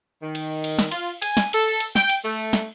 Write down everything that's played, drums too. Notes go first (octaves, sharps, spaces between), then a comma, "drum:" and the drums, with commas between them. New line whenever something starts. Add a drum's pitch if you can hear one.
D#3
drum: cymbal
drum: cymbal
drum: snare
F4, drum: cymbal
G#5, drum: cymbal
drum: snare
A4, drum: cymbal
drum: cymbal
G5, drum: snare
drum: cymbal
A3
drum: snare